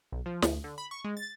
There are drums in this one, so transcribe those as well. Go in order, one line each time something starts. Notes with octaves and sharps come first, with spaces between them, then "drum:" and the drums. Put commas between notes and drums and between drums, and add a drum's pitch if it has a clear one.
B1
F3
D2, drum: snare
D3
B5
C#6
G#3
A6